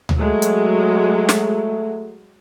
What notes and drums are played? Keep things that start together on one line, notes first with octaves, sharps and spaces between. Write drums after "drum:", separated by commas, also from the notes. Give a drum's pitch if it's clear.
drum: tom D2
F#3 G#3 A3
drum: hi-hat
drum: snare